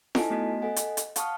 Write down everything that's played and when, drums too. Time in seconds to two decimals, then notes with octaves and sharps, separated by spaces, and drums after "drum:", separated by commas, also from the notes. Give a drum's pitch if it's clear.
0.15 D#4 E4 A4 D#5 G#5 A5, drum: snare
0.30 A3 B3 F#4 D#5 B6
0.62 A4 D#5 F#5 G#5
0.76 drum: hi-hat
0.97 drum: hi-hat
1.16 F5 F#5 A5 C#6 D#6 F6, drum: hi-hat